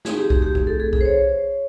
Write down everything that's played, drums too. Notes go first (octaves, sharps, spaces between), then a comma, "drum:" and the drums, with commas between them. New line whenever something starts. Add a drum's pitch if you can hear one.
A3 C4 D#4 F#4 G#4, drum: snare
G4
G4, drum: kick B1
G4
G#4, drum: kick B1
A4
G#4
G#4, drum: kick B1
C5
C#5